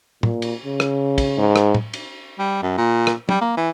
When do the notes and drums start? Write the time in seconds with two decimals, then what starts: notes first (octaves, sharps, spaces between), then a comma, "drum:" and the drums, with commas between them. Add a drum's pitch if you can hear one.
0.23 A#2, drum: tom
0.42 drum: cymbal
0.65 C#3
0.80 drum: rim click
1.18 drum: kick, cymbal
1.38 G#2
1.56 drum: rim click
1.75 drum: tom
1.93 drum: cymbal
2.39 G3
2.62 F#2
2.78 A#2
3.07 drum: rim click
3.29 G3, drum: tom
3.41 A#3
3.57 E3